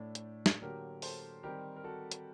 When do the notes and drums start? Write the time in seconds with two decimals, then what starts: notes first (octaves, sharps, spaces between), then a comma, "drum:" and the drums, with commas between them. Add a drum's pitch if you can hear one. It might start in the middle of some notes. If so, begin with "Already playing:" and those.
Already playing: A2 A3 D4
0.15 drum: hi-hat
0.46 drum: snare
0.62 D3 F#3 A#3 G4 A#4
1.02 A4 C5, drum: open hi-hat
1.43 D#3 G3 C4 G4 A#4
1.76 A#4
1.84 F#4 A4
2.12 drum: hi-hat